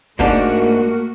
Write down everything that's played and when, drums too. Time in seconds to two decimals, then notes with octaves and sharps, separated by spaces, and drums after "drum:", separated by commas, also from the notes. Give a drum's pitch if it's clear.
0.19 G#2 G3 A3 A#3 D4 F#4 A#4, drum: kick